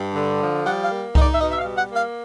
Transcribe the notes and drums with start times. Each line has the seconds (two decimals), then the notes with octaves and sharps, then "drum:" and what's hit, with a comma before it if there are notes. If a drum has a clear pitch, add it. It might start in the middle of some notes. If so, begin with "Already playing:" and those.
Already playing: G2
0.15 D3
0.41 F3
0.65 G3 F#5
0.84 F5
0.91 A#3
1.15 D#4 D#5, drum: kick C2
1.22 D5
1.34 E5
1.40 B2 D#5
1.52 E5
1.59 F5
1.65 G3
1.78 F#5
1.90 A#3
1.96 F5